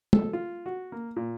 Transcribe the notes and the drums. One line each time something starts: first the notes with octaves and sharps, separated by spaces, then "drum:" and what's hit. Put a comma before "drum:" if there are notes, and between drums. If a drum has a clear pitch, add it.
A4, drum: tom
F4
F#4
A#3
A#2